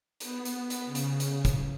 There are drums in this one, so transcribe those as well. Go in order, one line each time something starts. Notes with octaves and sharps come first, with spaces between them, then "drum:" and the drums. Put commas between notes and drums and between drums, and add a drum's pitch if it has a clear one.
B3, drum: hi-hat
drum: hi-hat
drum: hi-hat
C#3
drum: hi-hat
drum: hi-hat
drum: kick, hi-hat